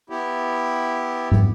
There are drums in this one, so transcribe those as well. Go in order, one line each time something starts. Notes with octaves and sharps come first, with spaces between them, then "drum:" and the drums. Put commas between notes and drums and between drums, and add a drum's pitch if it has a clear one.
B3 E4 G4
drum: tom